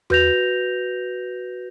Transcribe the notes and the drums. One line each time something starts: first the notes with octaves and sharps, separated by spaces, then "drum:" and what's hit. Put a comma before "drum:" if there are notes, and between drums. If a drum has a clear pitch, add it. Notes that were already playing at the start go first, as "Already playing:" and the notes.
F#4 B4 G6 A#6 F7, drum: tom E2